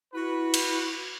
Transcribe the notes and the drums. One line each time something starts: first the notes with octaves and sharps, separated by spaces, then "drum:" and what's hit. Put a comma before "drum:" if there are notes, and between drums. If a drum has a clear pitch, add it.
E4 F#4 B4
drum: cymbal